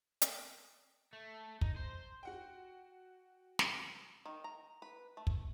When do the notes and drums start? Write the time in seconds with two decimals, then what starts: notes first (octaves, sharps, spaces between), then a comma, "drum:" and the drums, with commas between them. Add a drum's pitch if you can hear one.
0.21 drum: hi-hat
1.13 A3
1.61 D#4, drum: kick
1.76 C5
2.23 F#4 F#5 G5
3.59 drum: snare
4.26 D#3
4.44 A#5
4.82 B4
5.17 A3
5.27 drum: kick